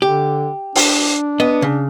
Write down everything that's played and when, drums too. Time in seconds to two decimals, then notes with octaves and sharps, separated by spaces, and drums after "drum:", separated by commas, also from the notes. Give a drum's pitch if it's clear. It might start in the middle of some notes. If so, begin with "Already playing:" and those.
0.02 D3 G4
0.76 D4, drum: open hi-hat
1.40 B3 D#5
1.62 C#3